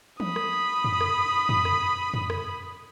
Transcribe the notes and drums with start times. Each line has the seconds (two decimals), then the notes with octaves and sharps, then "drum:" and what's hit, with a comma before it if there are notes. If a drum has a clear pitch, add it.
0.20 B5 D#6, drum: tom E3
0.36 drum: rim click
0.84 drum: tom
1.01 drum: rim click
1.49 drum: tom
1.65 drum: rim click
2.14 drum: tom
2.30 drum: rim click